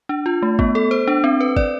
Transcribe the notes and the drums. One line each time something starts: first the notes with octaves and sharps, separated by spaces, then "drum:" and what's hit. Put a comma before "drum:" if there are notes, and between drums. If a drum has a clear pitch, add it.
D4
F4
A3
B3, drum: kick
A4
C5
D4
C4
B4
D5, drum: kick